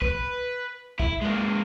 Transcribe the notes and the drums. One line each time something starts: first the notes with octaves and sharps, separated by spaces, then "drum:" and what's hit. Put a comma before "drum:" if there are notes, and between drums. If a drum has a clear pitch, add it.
B4, drum: kick
E4, drum: kick
G#3 A#3